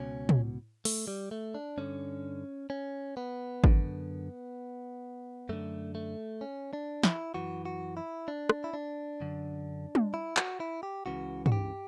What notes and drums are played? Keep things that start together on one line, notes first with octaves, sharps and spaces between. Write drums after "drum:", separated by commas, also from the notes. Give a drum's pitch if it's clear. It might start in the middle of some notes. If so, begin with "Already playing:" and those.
Already playing: C#2 B2 C#4
drum: tom
A3, drum: open hi-hat
G3
A3
D4
G2 D3 C#4
C#4
B3
F#2 D3, drum: kick G#1
F#2 D3 A3
A3
C#4
D4
E4, drum: snare
F#2 E3 F#4
F#4
E4
D4
drum: rim click
E4
D4
F#2 D3
drum: tom
E4
F#4, drum: clap
E4
G4
C#2 C#3 E3 F#4
F#4, drum: tom
G4